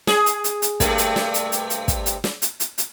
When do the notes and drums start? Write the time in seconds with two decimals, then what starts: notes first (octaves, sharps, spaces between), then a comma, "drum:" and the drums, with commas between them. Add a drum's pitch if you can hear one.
0.07 G#4, drum: snare
0.26 drum: hi-hat
0.44 drum: hi-hat
0.62 drum: hi-hat
0.80 G2 C3 A3, drum: kick, hi-hat
0.98 drum: hi-hat
1.16 drum: snare
1.34 drum: hi-hat
1.52 drum: hi-hat
1.70 drum: hi-hat
1.88 drum: kick, hi-hat
2.06 drum: hi-hat
2.24 drum: snare
2.42 drum: hi-hat
2.60 drum: hi-hat
2.78 drum: hi-hat